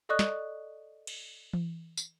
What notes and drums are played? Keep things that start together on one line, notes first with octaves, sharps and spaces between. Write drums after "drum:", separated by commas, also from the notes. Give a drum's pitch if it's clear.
A4 D5 D#5 C#6 D#6 F#6
drum: snare
drum: cymbal
drum: tom E3
drum: tambourine